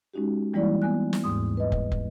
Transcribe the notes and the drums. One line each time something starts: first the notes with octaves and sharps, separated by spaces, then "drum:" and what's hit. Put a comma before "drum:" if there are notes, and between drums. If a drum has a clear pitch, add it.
G#3 C#4 D#4 F#4 G4
E3 G3 G#3 A#3 E4 D5
B3 G#5 F#6
drum: snare
D#2 G#2 D#6
B4 D#5
drum: kick
drum: kick